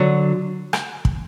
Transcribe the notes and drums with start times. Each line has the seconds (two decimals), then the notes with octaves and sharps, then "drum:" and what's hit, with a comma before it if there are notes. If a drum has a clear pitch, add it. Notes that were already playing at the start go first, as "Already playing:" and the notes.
Already playing: D3 F#3
0.73 drum: rim click
1.05 drum: kick